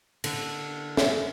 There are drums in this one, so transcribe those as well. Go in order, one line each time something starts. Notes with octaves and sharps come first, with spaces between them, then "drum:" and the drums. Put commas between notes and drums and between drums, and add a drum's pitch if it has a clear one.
D3, drum: cymbal
drum: snare